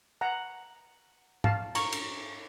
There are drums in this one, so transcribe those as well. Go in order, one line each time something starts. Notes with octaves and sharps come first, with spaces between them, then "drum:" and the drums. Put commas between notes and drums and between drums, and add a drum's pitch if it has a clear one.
F#5 A#5
F5 A5, drum: tom G#2
A#5 C#6, drum: cymbal
drum: cymbal